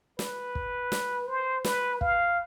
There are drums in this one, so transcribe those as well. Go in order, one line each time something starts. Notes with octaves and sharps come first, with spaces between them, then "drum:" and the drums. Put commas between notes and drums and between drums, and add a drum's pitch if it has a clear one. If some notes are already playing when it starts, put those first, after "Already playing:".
B4, drum: snare
drum: kick
drum: snare
C5
B4, drum: snare
F5, drum: kick